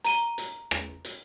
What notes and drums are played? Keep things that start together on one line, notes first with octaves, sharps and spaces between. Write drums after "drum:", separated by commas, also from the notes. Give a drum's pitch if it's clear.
A#5 D#7 G7, drum: hi-hat
drum: hi-hat
drum: rim click
drum: hi-hat